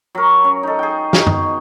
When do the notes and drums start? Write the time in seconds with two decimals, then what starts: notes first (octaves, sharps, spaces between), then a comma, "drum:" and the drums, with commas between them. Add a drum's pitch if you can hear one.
0.15 F#3 A#4
0.44 C#4
0.63 D#4 A4
0.79 G#4 G5
1.13 D#4, drum: snare
1.27 B2 D#5, drum: tom F#2